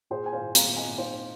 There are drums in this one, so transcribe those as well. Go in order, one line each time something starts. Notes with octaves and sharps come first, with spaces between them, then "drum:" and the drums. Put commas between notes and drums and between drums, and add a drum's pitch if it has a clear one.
A#2 G#4 C5
G#5
C5 F5
A#2
F5 A#5, drum: hi-hat
A#2
D#5 G#5
D#4 C5 F5